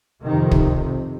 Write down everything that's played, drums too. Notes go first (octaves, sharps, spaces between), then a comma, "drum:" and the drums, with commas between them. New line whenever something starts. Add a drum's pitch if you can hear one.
F2 C3 D#3
drum: kick